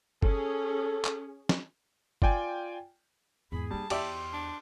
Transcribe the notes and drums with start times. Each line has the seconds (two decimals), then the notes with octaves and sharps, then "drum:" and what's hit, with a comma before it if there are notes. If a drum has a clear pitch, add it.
0.22 C#4 G#4 A4, drum: kick F#1
1.05 drum: clap
1.49 drum: snare
2.22 F4 D5 G5 G#5, drum: kick F#1
3.52 E2 G#2 G#4 B5
3.70 G3 A#3 D4 A5
3.90 E2 G4 D5 E5 C6, drum: cymbal
4.33 D4